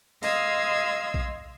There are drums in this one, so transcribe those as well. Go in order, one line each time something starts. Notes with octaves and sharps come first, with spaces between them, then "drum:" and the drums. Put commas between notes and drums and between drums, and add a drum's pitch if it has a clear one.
D#5 F5 C6 D#6 E6 G#6, drum: open hi-hat
drum: kick A#1